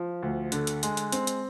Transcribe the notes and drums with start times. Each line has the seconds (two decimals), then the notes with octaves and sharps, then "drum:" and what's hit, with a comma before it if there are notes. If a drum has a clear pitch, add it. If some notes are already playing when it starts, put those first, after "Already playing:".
Already playing: F3
0.22 D2
0.52 D3, drum: hi-hat
0.67 drum: hi-hat
0.83 G#3, drum: hi-hat
0.97 drum: hi-hat
1.12 C4, drum: hi-hat
1.27 drum: hi-hat